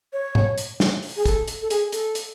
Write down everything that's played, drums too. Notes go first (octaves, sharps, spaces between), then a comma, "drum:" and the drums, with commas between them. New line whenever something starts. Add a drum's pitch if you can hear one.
C#5
drum: tom G#2
drum: hi-hat
drum: snare
drum: open hi-hat
G#4
A4, drum: kick, hi-hat
drum: hi-hat
A4
G#4, drum: hi-hat
A4, drum: hi-hat
drum: hi-hat